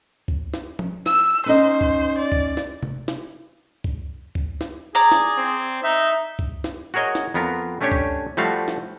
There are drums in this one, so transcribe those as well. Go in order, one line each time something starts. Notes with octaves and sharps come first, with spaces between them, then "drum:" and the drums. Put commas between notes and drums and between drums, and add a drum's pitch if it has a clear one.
drum: kick
drum: snare
drum: tom F3
E6, drum: snare
C#4 D#4 C5 D#5
drum: kick
D5
drum: kick
drum: snare
drum: tom
drum: snare
drum: kick
drum: kick
drum: snare
G#4 D5 A#5
drum: snare
C4
D#4 E5
drum: kick
drum: snare
F#4 G#4 A#4 C#5 D#5
drum: snare
F2 B3 F4 A#4
A3 C#4 D4 G4 C#5
drum: kick
F3 G3 A3 F#4 F5
drum: snare